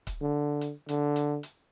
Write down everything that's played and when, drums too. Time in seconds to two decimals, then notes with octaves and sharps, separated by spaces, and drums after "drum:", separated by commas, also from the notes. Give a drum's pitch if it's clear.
0.07 drum: kick C#1, hi-hat
0.21 D3
0.61 drum: hi-hat
0.89 D3, drum: hi-hat
1.16 drum: hi-hat
1.43 drum: hi-hat